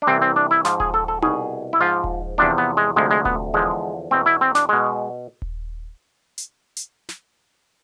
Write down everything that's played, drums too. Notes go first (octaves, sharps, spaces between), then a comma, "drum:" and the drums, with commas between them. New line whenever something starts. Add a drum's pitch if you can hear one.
D4
C2 C3 E3 C4
C4
D4
E4
G#2 F3 F4, drum: snare
G#4, drum: kick D#1
A4
A4
C2 B2 G#4, drum: tom D#4
E4
G#2 F3 F4
drum: kick D#1
E2 C3 F3 D4
B3
G#3
D2 C3 F3 G#3
G#3
B3, drum: kick D#1
E2 D3 F3 G#3
E2 B2 C4
E4
C4
D4, drum: snare
B2 G#3
drum: kick D#1
drum: hi-hat
drum: hi-hat
drum: snare